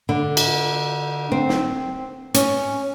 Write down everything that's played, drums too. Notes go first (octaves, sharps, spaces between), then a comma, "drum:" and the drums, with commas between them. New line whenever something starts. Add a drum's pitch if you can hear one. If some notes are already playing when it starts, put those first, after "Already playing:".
D3
drum: cymbal
C4
drum: snare
C#4, drum: hi-hat